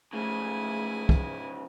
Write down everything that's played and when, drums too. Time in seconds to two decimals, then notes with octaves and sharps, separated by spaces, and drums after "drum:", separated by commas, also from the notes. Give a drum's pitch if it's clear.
0.13 C#3 F3 A3 E4 G#4 G#5
1.09 drum: kick